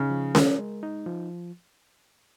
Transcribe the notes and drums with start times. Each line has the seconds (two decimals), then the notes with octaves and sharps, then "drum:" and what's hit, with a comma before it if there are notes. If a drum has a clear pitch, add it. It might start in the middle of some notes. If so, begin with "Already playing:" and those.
Already playing: C#3 D#4
0.10 F3
0.35 A#4, drum: snare C#4
0.59 G#3
0.83 D#4
1.06 F3